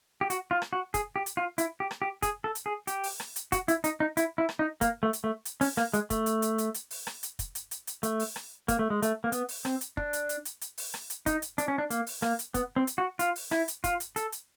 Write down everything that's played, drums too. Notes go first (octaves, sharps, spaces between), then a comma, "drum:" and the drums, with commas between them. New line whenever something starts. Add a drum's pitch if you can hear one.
G4
F#4, drum: hi-hat
F4
drum: rim click
F#4
G#4, drum: kick, hi-hat
G4
drum: hi-hat
F4
E4, drum: hi-hat
G4
drum: rim click
G4
G#4, drum: kick, hi-hat
A4
drum: hi-hat
G#4
G4, drum: hi-hat
drum: open hi-hat
drum: rim click
drum: hi-hat
F#4, drum: kick, hi-hat
E4, drum: hi-hat
D#4, drum: hi-hat
D#4
E4, drum: hi-hat
E4
drum: rim click
D#4
A#3, drum: kick, hi-hat
A3
drum: hi-hat
A3
drum: hi-hat
C#4, drum: open hi-hat
A#3, drum: rim click
G#3, drum: hi-hat
A3, drum: kick, hi-hat
drum: hi-hat
drum: hi-hat
drum: hi-hat
drum: hi-hat
drum: open hi-hat
drum: rim click
drum: hi-hat
drum: kick, hi-hat
drum: hi-hat
drum: hi-hat
drum: hi-hat
A3, drum: hi-hat
drum: open hi-hat
drum: rim click
A#3, drum: kick, hi-hat
A3
G#3
A3, drum: hi-hat
A#3
B3, drum: hi-hat
drum: open hi-hat
C4, drum: rim click
drum: hi-hat
D4, drum: kick
drum: hi-hat
drum: hi-hat
drum: hi-hat
drum: hi-hat
drum: open hi-hat
drum: rim click
drum: hi-hat
D#4, drum: kick, hi-hat
drum: hi-hat
D4, drum: hi-hat
C#4
D4
A#3, drum: hi-hat
drum: open hi-hat
A#3, drum: rim click
drum: hi-hat
B3, drum: kick, hi-hat
C4
drum: hi-hat
F#4
F4, drum: hi-hat
drum: open hi-hat
E4, drum: rim click
drum: hi-hat
F4, drum: kick, hi-hat
drum: hi-hat
A4, drum: hi-hat
drum: hi-hat